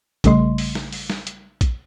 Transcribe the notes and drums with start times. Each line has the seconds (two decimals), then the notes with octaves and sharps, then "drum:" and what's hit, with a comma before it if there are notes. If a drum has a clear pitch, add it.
0.24 A#1 C#3 G3 A3 D#5 C6, drum: kick A#1, hi-hat
0.58 drum: open hi-hat
0.75 drum: snare
0.93 drum: open hi-hat
1.10 drum: snare
1.27 drum: hi-hat
1.61 drum: kick A#1, hi-hat